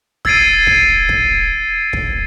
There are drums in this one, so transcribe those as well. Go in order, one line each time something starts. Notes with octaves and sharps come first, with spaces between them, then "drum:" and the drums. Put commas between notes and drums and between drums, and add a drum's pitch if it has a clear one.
E6 G#6 A6 C7 D7 D#7, drum: kick
drum: kick
drum: kick
drum: kick